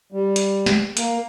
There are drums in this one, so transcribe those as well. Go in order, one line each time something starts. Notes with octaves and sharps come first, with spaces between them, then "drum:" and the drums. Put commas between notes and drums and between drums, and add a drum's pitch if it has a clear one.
G3
drum: hi-hat
drum: snare
A#3, drum: hi-hat